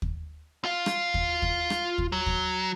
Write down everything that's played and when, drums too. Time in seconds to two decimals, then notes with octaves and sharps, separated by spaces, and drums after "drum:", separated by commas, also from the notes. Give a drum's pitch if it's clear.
0.02 drum: kick
0.65 F4 F5
0.86 drum: rim click
1.14 drum: kick
1.42 drum: kick
1.70 drum: rim click
1.98 drum: kick
2.12 F#3
2.26 drum: kick